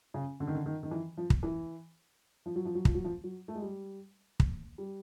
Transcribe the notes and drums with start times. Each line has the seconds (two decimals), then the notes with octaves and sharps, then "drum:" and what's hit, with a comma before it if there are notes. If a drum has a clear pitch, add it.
0.14 C#3
0.40 D3
0.47 D#3
0.55 D3
0.66 D#3
0.83 D#3
0.91 E3
1.17 F3
1.30 drum: kick
1.43 E3
2.46 F3
2.56 F#3
2.65 F3
2.75 F#3
2.85 F3, drum: kick
2.94 F#3
3.04 F3
3.24 F#3
3.48 A3
3.55 G#3
3.62 G3
4.40 drum: kick
4.78 G3